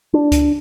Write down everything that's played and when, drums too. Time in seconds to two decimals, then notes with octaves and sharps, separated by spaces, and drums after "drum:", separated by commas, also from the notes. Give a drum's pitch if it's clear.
0.13 D4
0.32 drum: kick C#2, hi-hat